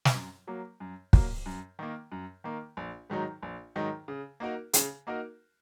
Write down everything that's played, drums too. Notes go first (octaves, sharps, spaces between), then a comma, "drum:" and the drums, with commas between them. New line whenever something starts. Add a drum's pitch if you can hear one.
drum: snare
F#2
F#3 A#3
F#2
F#3 A#3, drum: kick
F#2
D#3 A#3
F#2
D#3 A#3
A#1
G#2 D#3 F#3 D#4
A#1
G#2 D#3 F#3 D#4
C#3
A#3 D#4 F#4 A#4
C#3, drum: hi-hat
A#3 D#4 F#4 A#4